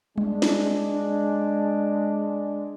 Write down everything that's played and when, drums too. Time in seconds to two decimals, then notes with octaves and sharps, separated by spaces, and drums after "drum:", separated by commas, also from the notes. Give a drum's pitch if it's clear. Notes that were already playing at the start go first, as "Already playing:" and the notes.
0.18 G#3 D4, drum: tom G3
0.42 drum: snare